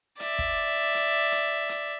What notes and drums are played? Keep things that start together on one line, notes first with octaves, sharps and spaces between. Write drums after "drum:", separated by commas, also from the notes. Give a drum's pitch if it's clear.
D5 E5, drum: hi-hat
drum: kick
drum: hi-hat
drum: hi-hat
drum: hi-hat